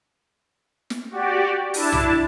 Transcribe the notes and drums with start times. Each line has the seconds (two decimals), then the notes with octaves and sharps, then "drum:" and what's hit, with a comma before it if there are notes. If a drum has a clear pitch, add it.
0.90 drum: snare
1.10 F#4 G4 D5
1.74 D4 E4 A5, drum: open hi-hat
1.92 drum: tom B1